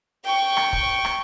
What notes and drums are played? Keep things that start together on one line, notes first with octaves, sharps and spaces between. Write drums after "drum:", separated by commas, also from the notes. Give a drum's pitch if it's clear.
G5 C#6
drum: rim click
drum: kick
drum: rim click